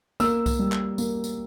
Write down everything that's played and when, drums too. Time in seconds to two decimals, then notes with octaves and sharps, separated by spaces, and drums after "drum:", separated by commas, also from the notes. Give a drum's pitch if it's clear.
0.20 A#3 E6, drum: tambourine
0.46 drum: kick C2, tambourine
0.59 G3
0.72 drum: clap
0.98 A#3, drum: tambourine
1.24 drum: tambourine